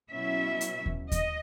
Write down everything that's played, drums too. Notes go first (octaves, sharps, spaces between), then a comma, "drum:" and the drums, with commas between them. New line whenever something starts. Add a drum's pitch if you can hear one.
B2 F#3 C#4 E4 E5
drum: hi-hat
drum: kick D#2
D#5, drum: kick D#2, hi-hat